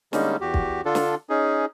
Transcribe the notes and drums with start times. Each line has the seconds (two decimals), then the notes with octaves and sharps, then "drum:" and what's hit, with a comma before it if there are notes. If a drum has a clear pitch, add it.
0.13 D3 G3 G#3 A#3 C#4 D#4, drum: snare
0.41 E2 F#4 G4
0.54 drum: kick
0.85 D3 D4 F4 A4
0.95 drum: snare
1.30 C#4 D#4 G#4